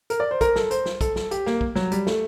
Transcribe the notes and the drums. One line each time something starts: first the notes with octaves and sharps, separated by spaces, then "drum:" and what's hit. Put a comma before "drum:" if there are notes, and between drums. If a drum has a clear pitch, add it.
A#4, drum: hi-hat
D5
C5
A#4, drum: kick, hi-hat
A4, drum: snare
C5, drum: hi-hat
drum: snare
A4, drum: kick, hi-hat
A4, drum: snare
G4, drum: hi-hat
A#3, drum: snare
drum: kick
F#3, drum: snare
G3, drum: hi-hat
A3, drum: snare